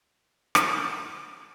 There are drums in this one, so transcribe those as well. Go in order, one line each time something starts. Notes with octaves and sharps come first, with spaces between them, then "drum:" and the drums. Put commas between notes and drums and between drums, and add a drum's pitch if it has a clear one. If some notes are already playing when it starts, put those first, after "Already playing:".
Already playing: D4
drum: rim click
A#3